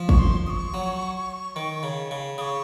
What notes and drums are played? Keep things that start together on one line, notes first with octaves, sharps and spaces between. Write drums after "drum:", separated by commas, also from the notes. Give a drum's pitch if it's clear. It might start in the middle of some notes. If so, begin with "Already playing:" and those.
Already playing: F3
C#6, drum: kick
C6
D#6
C#6
F#3
D#3
C#3
C#3
C#3 C#6 D#6